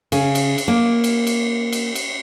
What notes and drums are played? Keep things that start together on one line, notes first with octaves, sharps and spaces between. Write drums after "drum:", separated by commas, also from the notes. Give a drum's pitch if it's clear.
C#3, drum: cymbal
drum: cymbal
drum: cymbal
A#3
drum: cymbal
drum: cymbal
drum: cymbal
drum: cymbal